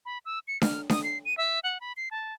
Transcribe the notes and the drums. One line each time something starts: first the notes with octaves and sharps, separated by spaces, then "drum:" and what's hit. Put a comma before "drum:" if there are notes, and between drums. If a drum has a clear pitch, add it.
B5
E6
C#7
F6, drum: snare D4
D#6, drum: snare D4
C7
D#7
E5
F#5
B5
C7
A5